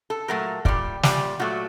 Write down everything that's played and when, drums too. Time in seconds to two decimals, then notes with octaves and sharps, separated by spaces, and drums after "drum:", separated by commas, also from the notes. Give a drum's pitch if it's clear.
0.10 A4
0.28 A#2 F#3 A3 A#4
0.65 A#2 G3 D5, drum: kick
1.03 A#2 G3 D5, drum: snare
1.39 A#2 F#3 A3 F#4